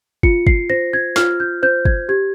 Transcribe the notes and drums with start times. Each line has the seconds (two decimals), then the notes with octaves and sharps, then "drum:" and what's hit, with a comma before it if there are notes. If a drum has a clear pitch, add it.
0.23 F4 C#7, drum: kick
0.47 C7, drum: kick
0.70 C5 A#6
0.93 G#6
1.16 F4 F6, drum: snare
1.40 G6
1.63 C5 G6
1.85 G#6, drum: kick
2.09 G4 G#6